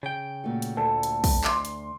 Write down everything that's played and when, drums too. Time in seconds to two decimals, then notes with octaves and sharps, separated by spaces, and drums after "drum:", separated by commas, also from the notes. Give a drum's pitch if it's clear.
0.03 C#3 G5
0.44 A#2 A3 F#4
0.62 drum: hi-hat
0.77 D2 A4
1.03 drum: hi-hat
1.24 drum: kick, open hi-hat
1.44 C6 D6, drum: clap
1.65 drum: hi-hat